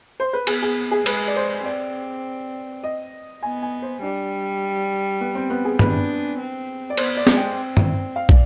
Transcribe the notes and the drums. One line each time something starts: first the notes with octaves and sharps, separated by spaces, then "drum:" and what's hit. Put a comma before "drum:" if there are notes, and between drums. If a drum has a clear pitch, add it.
C5
B4
B3 G#4, drum: cymbal
G#4
G#4
G#3 B4, drum: cymbal
D5
C5
C4 D5
D#5
B3 G#5
G#5
C5
G3 D4
B3
C4
B3
G#4
D4 B4, drum: tom
C4
D5
B3 C5, drum: cymbal
D5
G#3, drum: snare
G5
C4
drum: tom
F5
D5, drum: kick